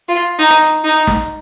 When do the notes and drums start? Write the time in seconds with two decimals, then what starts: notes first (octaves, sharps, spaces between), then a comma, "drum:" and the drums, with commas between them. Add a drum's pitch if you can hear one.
0.08 F4
0.39 D#4, drum: hi-hat
0.62 drum: hi-hat
0.85 D#4
1.07 drum: snare